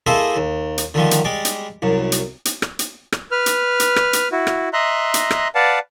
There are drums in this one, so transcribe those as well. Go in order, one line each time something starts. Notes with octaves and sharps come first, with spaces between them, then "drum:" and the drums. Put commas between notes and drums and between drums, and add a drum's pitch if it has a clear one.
A#3 E4 G#4 A4 C5 D#5
D#2
drum: hi-hat
D3 D#3 F3 G3
drum: hi-hat
G3 G#3 D5
drum: hi-hat
C2 F#2
drum: hi-hat
drum: hi-hat
drum: rim click
drum: hi-hat
drum: rim click
B4 F6
drum: hi-hat
drum: hi-hat
drum: rim click
drum: hi-hat
E4 F#4
drum: rim click
D#5 E5 A#5 C6 F#6
drum: hi-hat
drum: rim click
B4 D5 F5 F#5 A5